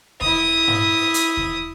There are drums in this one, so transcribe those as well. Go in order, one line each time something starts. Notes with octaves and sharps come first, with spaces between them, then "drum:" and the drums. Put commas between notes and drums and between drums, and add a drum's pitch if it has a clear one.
E4 D#6, drum: kick D#2
drum: tom G#2
drum: hi-hat
drum: kick D#2